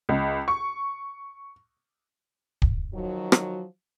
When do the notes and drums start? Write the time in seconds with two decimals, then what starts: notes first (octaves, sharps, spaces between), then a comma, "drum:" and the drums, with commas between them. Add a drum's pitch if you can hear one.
0.09 C#2
0.48 C#6
2.62 drum: kick
2.93 D#3 F3 F#3
3.32 drum: rim click